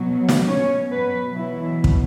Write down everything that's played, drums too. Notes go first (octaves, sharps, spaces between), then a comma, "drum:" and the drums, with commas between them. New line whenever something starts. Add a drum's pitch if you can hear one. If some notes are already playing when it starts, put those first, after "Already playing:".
Already playing: B2 F#3
drum: snare
B2 F#3 C#4 C#5
B3 B4
B2 E3 F#3 E4
drum: kick